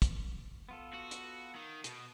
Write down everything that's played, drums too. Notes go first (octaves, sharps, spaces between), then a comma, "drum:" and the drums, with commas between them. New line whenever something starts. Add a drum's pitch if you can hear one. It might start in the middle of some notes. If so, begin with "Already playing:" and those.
drum: kick, hi-hat
B3 F4 A4
F#4
drum: hi-hat
D#3
B2, drum: hi-hat